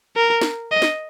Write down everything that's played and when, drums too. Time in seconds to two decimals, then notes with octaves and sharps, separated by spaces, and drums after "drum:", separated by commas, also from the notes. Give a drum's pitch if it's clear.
0.16 A#4
0.41 drum: snare
0.72 D#5
0.82 drum: snare